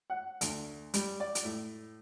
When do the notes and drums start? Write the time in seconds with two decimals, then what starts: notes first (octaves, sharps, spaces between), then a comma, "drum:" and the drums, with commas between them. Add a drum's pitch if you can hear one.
0.10 F#5
0.41 D2, drum: hi-hat
0.94 G3, drum: hi-hat
1.20 D5
1.35 drum: hi-hat
1.45 A2